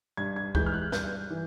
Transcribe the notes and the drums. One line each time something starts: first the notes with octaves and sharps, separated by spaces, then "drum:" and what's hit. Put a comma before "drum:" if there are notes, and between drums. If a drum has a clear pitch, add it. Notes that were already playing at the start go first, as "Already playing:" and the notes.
G2 G#6
G#6
E3 G#3 G6, drum: kick
F6
F#6
G2 G6, drum: snare
E3